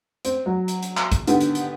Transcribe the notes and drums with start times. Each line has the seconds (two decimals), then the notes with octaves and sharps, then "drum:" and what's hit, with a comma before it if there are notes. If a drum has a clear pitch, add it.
0.25 C4, drum: hi-hat
0.46 F#3
0.68 drum: hi-hat
0.83 drum: hi-hat
0.97 drum: clap
1.12 drum: kick, hi-hat
1.27 D3 D#3 B3 G4, drum: hi-hat
1.41 drum: hi-hat
1.55 drum: hi-hat